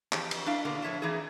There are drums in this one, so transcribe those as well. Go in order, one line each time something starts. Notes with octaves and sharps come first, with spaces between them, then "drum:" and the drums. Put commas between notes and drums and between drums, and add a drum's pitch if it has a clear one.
F2 C3 E3 G4, drum: clap
drum: cymbal
D4 E4 F5
B2 D3 A#3
A2 F3 C#5 E5 A5
E3 A3 C4 D#4 G#4